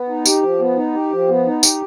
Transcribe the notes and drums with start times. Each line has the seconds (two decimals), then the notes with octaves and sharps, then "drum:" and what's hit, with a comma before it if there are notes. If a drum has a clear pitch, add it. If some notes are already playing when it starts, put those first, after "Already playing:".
Already playing: B3
0.08 D#4
0.26 G4, drum: tambourine
0.42 F3
0.60 B3
0.77 D#4
0.94 G4
1.12 F3
1.29 B3
1.46 D#4
1.63 G4, drum: tambourine